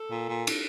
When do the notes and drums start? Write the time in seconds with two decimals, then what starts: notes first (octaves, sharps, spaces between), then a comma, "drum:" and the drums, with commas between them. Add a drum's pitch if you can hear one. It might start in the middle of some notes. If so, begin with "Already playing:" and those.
Already playing: A4
0.11 A#2
0.29 A#2
0.47 drum: cymbal